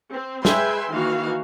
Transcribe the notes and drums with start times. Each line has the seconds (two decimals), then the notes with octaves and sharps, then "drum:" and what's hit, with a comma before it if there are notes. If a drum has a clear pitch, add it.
0.13 C4
0.45 G#3 B4 E5 G5 G#5 C6, drum: snare
0.92 D#3 E3 A#3 F#4 F5